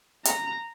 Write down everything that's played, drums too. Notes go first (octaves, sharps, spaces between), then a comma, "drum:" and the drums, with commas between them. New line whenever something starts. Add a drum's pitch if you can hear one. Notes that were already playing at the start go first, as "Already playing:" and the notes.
A#5, drum: hi-hat